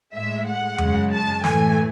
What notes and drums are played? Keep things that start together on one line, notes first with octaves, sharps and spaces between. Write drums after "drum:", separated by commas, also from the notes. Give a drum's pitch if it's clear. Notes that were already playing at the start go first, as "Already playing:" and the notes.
A2 G#3 E5
F#5
F#2 C#3 G#3, drum: tom E2
A5
A2 E3 A3 G#5, drum: snare